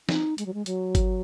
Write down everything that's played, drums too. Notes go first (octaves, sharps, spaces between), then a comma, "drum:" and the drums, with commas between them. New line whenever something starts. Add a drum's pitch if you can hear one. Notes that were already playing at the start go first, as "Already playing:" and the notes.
D#4, drum: snare
G#3, drum: hi-hat
F#3
G#3
F#3, drum: hi-hat
drum: kick G1, hi-hat